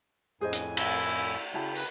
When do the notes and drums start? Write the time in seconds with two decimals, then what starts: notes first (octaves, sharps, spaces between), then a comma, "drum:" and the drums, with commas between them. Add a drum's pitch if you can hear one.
0.41 F2 A2 G#4 C5 D#5 G#5
0.53 drum: hi-hat
0.77 E4, drum: cymbal
1.54 C#3 E4 F#4 G5 A5 B5
1.75 B4, drum: open hi-hat